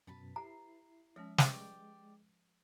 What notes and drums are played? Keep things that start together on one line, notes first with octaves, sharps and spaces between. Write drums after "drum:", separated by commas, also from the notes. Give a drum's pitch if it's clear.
F#2 B2 B4 A5 B5
E4 G4 A#5 C7
F3 G#3 C#4 E5
G#3 G4 B4 D5, drum: snare